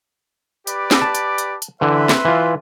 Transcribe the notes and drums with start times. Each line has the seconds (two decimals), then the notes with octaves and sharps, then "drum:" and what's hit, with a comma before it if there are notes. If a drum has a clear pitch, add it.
0.67 G4 B4 D5, drum: hi-hat
0.91 drum: snare
1.02 A5
1.15 drum: hi-hat
1.38 drum: hi-hat
1.62 drum: hi-hat
1.81 D3 E3 B4 E5 C6
2.09 drum: snare
2.25 E3 F4